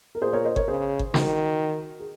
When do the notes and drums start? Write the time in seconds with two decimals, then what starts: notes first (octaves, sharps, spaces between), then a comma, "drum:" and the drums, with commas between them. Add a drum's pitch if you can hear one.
0.15 A#4
0.21 A#2 G#4 C5
0.33 A#4 C#5
0.45 C5 D#5
0.56 A#4 C#5, drum: kick G1
0.68 C#3 G#4 C5
0.99 drum: kick G1
1.14 D#3 F#4 A#4, drum: snare
2.00 G#4